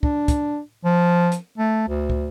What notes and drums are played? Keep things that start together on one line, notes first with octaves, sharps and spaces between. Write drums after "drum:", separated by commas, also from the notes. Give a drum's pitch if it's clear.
D4, drum: kick
drum: kick, hi-hat
F3
drum: hi-hat
A3
D2
drum: kick